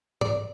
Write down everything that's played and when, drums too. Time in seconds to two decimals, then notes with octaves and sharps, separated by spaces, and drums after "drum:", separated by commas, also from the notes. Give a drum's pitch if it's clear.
0.21 D5, drum: tom G#2